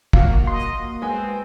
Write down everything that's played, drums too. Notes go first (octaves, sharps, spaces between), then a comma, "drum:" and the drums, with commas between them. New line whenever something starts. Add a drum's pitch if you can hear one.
A#3 F4 F#4, drum: kick
D#5 C6
G#3 B3 C4